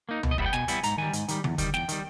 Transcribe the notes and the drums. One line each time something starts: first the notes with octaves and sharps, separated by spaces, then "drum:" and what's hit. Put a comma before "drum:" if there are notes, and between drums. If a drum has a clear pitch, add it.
A#3 D#4
B2, drum: tom C#2
D#5
G3 B3 E4 E5, drum: kick
G5
B2 G#5, drum: snare
G3 B3 E4, drum: hi-hat
G#2 A#5, drum: hi-hat
D#3 G3 G#5
G#2, drum: hi-hat
D#3 G3, drum: hi-hat
E2, drum: tom D3
D#3 G3, drum: kick, hi-hat
E2 G5, drum: snare
D#3 G3, drum: hi-hat